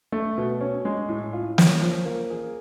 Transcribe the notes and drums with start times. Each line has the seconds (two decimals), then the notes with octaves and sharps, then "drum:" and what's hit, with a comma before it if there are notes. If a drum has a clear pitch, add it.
0.12 A3
0.38 B2
0.61 C#4
0.85 G#3
1.09 A2
1.33 F4
1.58 C#4, drum: snare
1.81 F3
2.05 A#3
2.30 G#4